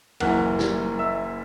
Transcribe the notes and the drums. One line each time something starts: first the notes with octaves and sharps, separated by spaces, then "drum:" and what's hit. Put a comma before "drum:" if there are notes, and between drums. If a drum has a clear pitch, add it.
F#1 F#2 E3 A#3 F#5 F#6, drum: cymbal
drum: snare
E5 E6